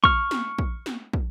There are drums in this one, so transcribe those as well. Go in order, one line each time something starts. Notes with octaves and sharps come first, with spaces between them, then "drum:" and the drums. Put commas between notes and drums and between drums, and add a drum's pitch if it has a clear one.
C#6 F6, drum: kick
drum: snare
drum: kick
drum: snare
drum: kick